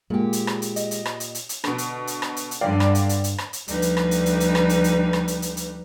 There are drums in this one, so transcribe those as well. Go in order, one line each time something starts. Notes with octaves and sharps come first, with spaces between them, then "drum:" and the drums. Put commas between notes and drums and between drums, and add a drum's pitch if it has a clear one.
A#2 G#3 A#3 G4
drum: hi-hat
drum: rim click
drum: hi-hat
D#5, drum: hi-hat
drum: hi-hat
drum: rim click
drum: hi-hat
drum: hi-hat
drum: hi-hat
B2 D3, drum: rim click
drum: hi-hat
drum: hi-hat
drum: rim click
drum: hi-hat
drum: hi-hat
G2 D3 D5 F5 G5
drum: rim click
drum: hi-hat
drum: hi-hat
drum: hi-hat
drum: rim click
drum: hi-hat
D2 F3 G3 D#4 B4, drum: hi-hat
drum: hi-hat
drum: rim click
drum: hi-hat
drum: hi-hat
drum: hi-hat
drum: rim click
drum: hi-hat
drum: hi-hat
drum: rim click
drum: hi-hat
drum: hi-hat
drum: hi-hat